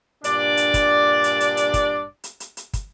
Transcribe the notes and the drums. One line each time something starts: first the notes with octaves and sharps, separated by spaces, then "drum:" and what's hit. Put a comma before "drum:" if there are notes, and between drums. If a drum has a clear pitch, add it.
G2 A#2 D4 D5, drum: hi-hat
drum: hi-hat
drum: kick, hi-hat
drum: hi-hat
drum: hi-hat
drum: hi-hat
drum: kick, hi-hat
drum: hi-hat
drum: hi-hat
drum: hi-hat
drum: kick, hi-hat